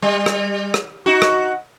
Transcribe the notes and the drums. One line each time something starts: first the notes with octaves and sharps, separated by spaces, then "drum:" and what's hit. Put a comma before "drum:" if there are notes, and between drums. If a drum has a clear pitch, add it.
G3
drum: rim click
drum: rim click
D#4 F#4
drum: rim click